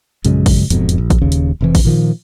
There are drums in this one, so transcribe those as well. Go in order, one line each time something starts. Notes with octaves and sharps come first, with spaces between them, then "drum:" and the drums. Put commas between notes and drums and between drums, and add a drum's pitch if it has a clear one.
A#1 F#2 C#3 G#3, drum: hi-hat
drum: kick A1, open hi-hat
E1 F2 G#2 B2, drum: hi-hat
drum: hi-hat
A#1
drum: kick A1, hi-hat
D#1 D#2 C#3
drum: hi-hat
F1 C3 E3
drum: kick A1, open hi-hat
A#2 D#3 F3